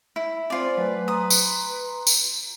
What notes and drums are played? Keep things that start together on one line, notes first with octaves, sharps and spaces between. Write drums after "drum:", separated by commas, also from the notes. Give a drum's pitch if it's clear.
E4
C4 F4 C5 D5 G#5
F#3 A3 B4 G#5
A#5 C6 D#6
drum: tambourine
drum: tambourine